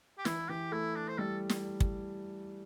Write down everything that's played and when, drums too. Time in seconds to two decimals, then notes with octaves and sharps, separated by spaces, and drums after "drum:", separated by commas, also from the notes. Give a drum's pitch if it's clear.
0.18 G4
0.25 E3 E4, drum: snare
0.49 E3 G4
0.72 A3 E4
0.95 D4
1.08 C5
1.18 G3 A4
1.49 drum: snare
1.80 drum: kick